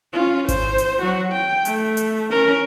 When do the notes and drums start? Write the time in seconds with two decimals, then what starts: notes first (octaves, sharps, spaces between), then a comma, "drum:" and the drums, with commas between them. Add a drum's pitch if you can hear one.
0.13 C#4 F4
0.48 C5, drum: kick G#1, hi-hat
0.78 drum: hi-hat
1.02 F#3 F#4
1.33 G5
1.65 A3, drum: hi-hat
1.97 drum: hi-hat
2.31 C#4 A#4